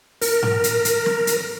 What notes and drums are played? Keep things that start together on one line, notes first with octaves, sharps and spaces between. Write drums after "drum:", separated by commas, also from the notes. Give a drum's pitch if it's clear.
A#4, drum: open hi-hat
drum: tom G#2
drum: hi-hat
drum: hi-hat
drum: snare
drum: hi-hat